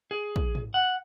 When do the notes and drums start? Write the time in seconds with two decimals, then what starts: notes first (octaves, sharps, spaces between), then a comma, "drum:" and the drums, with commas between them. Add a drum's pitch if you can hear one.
0.11 G#4
0.36 drum: kick
0.55 drum: tom
0.74 F#5